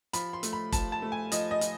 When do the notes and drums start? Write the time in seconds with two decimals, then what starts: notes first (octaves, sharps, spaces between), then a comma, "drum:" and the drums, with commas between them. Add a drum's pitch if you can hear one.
0.13 F3 B5, drum: hi-hat
0.33 C6
0.43 A3, drum: hi-hat
0.53 B5
0.72 F3 A5, drum: kick, hi-hat
0.92 A5
1.02 A3
1.12 G#5
1.32 F3 D#5, drum: hi-hat
1.51 D#5
1.61 F3, drum: hi-hat